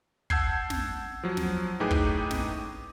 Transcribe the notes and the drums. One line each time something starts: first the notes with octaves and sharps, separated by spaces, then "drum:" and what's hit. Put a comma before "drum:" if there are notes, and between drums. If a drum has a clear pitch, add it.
F#5 A5 E6 G6 G#6 C7, drum: kick
drum: snare
F3 F#3
drum: snare
A2 D#4 G#4 B4 G5 D6
drum: kick
drum: snare